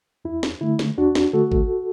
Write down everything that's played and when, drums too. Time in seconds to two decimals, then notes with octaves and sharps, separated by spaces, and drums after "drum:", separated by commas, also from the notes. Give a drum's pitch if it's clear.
0.25 E2 E4
0.43 drum: snare
0.61 D3 A3 E4
0.79 drum: snare
0.97 E2 D4 F#4
1.15 drum: snare
1.33 D3 A3 F#4 A4
1.52 drum: kick G#1